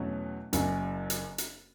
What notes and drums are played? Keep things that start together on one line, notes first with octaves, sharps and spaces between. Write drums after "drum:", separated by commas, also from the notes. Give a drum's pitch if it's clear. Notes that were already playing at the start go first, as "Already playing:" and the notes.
Already playing: E2 B2 F#3 A3 C#4
F#1 F#2 C#3, drum: hi-hat
drum: hi-hat
drum: hi-hat